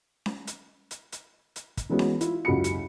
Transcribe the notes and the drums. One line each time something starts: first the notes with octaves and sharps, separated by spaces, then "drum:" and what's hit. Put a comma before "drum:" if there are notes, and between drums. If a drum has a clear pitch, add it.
drum: snare C#4
drum: hi-hat
drum: hi-hat
drum: hi-hat
drum: hi-hat
drum: kick, hi-hat
E3 G#3 B3 C#4 F#4
drum: snare C#4
E4 F4, drum: hi-hat
F#1 C#2 F#4 G4 B5 C#7
drum: hi-hat